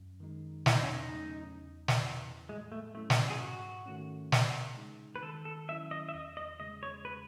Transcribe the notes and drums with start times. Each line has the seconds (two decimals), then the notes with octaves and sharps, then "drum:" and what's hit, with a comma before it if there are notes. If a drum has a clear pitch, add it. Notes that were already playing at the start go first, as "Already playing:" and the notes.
Already playing: F#2
0.20 D#3 G#3 D#4
0.66 E2 E4, drum: snare
0.75 D#4
0.83 C#4
0.92 D#4
1.12 C#3 F#3 A3 C#4
1.58 E2
1.88 drum: snare
2.04 C#3 E3
2.49 A2 G#3
2.72 A3
2.95 F#3 A3 C#4 E4
3.10 drum: snare
3.30 G#4
3.40 G#2 F#4
3.86 D#3 A3 C#4
4.32 C#3, drum: snare
4.77 G#3 D#4
5.16 B4
5.22 D#3 A4
5.45 A4
5.69 F#3 C#4 E4 E5
5.91 D#5
6.09 E5
6.14 E2 D#5
6.37 D#5
6.60 C#3 G#3 D#5
6.83 C#5
7.05 B4